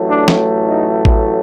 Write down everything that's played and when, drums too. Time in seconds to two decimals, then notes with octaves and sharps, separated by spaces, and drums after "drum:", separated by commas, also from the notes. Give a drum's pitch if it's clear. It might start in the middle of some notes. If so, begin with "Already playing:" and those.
Already playing: A1 A2 F#3 A3
0.09 D4
0.28 drum: snare
0.66 D#4
1.05 drum: kick A1